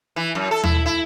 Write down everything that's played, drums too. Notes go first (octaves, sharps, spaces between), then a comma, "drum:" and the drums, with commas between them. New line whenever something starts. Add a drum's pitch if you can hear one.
E3
F#2
A4
E4, drum: tom D#2
E4